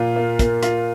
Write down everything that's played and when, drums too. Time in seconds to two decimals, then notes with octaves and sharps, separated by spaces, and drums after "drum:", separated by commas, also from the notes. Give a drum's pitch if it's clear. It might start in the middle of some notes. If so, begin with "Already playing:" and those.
Already playing: A#2 F4
0.16 A#3
0.39 A#3, drum: kick, hi-hat
0.63 F4, drum: hi-hat